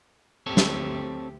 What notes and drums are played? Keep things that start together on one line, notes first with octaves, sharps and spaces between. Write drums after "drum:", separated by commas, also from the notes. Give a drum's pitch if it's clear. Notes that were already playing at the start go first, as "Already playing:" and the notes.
D2 C4 G4 A4 C#5
drum: snare